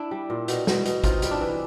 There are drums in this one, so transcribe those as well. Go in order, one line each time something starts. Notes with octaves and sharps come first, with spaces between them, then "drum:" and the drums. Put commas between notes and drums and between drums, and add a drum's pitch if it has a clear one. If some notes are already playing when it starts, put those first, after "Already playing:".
Already playing: D4 E4
G3
A#2
B2, drum: hi-hat
B2, drum: snare
B2, drum: hi-hat
C3 D#4 F4, drum: kick G#1, hi-hat
G3, drum: hi-hat
D4 E4
E3